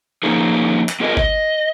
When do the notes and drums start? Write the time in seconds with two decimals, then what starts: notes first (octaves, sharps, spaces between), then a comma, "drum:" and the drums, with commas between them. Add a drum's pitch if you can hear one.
0.23 F3 A#3 C#4 D#4 G#4
0.89 drum: clap
1.00 B3 F4 G#4 A#4 D#5
1.17 D#5, drum: kick G#1